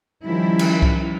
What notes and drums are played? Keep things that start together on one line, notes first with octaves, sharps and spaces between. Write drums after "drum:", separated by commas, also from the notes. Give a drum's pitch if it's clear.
D#3 F3 G3 C#4 E4
drum: cymbal
drum: kick C2